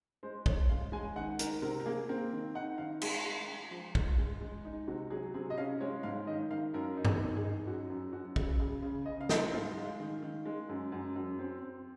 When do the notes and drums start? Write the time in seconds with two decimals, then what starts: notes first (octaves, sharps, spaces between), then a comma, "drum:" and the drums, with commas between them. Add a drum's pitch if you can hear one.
0.23 G#3 C5
0.46 G#3 C#5, drum: kick
0.69 G#3 F5
0.92 G#3 G#5
1.16 D#3 F#5
1.39 D#3 A#4, drum: hi-hat
1.62 C3 A#4
1.80 A#4
1.86 A#3 G#4
2.09 C4 A#4
2.32 D#3
2.55 D#4 F#5
2.78 D#3 F5
3.02 G#3 G#4, drum: cymbal
3.24 G#3
3.48 G#3
3.71 F3
3.95 G#3, drum: kick
4.18 G#3
4.41 G#3
4.65 D#4
4.87 C3 F#4
5.10 F#3 G#4
5.34 C3 G#4
5.50 D#5
5.58 C#4 F5
5.81 G#3 C#5
6.03 G#2 F5
6.27 D#3 D#5
6.50 D#3 F5
6.74 F#2 A#4
6.97 D#4
7.05 G#4, drum: tom G2
7.20 D#3
7.36 G#4
7.43 D#4
7.67 F#2 F#4
7.90 F#2
8.13 F#2 F#4
8.36 C#3 G#4, drum: kick
8.60 C#3 G#4
8.82 C#3
9.05 C#3 D#5
9.21 F5
9.29 G#3 D#5, drum: snare
9.52 G#2 F5
9.76 G#3
10.00 D#3
10.22 D#3
10.46 G#3
10.69 F#2
10.92 F#2
11.16 F#2
11.39 C4
11.62 C4